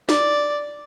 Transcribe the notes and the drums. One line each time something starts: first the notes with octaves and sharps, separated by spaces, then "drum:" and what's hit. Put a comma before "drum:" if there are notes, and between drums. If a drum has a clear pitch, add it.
D5, drum: snare